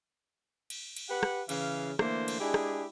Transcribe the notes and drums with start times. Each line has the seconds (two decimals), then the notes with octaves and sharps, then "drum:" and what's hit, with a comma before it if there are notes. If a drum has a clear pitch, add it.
0.70 drum: cymbal
0.96 drum: cymbal
1.10 G4 B4 F#5
1.23 drum: rim click
1.49 C#3 E3 F5, drum: cymbal
1.99 D3 E3 A3 A#3 D4 C5, drum: rim click
2.28 drum: cymbal
2.40 G#3 D4 E4 G4 G#4
2.54 drum: rim click